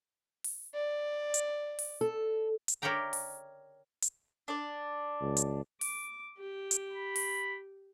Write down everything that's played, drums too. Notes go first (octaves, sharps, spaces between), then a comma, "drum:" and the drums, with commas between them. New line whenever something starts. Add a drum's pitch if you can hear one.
drum: open hi-hat
D5
drum: hi-hat
drum: open hi-hat
A4
drum: hi-hat
A#4 C#5 D5 E5 G5 A#5
drum: open hi-hat
drum: hi-hat
D4 D5
C#2
drum: hi-hat
D6, drum: open hi-hat
G4
drum: hi-hat
B5
drum: open hi-hat